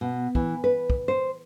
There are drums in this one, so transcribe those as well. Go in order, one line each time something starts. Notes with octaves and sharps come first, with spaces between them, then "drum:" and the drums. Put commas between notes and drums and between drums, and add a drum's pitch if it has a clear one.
B2
E3, drum: kick
B4
drum: kick
C5